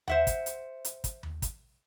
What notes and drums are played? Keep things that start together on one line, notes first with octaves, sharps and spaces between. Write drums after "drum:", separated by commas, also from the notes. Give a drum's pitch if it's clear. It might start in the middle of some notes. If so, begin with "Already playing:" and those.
C5 E5 F#5, drum: tom D#2
drum: kick, hi-hat
drum: hi-hat
drum: hi-hat
drum: kick, hi-hat
drum: tom D#2
drum: kick, hi-hat